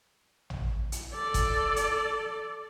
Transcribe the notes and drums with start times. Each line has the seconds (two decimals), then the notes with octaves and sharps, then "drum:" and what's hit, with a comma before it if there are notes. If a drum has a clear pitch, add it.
0.50 drum: tom
0.92 drum: hi-hat
1.13 A4 D5
1.34 drum: kick F#1, hi-hat
1.76 drum: hi-hat